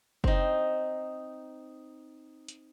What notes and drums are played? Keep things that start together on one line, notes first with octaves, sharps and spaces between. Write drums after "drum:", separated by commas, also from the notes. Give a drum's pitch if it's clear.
C4 D#4, drum: kick
drum: hi-hat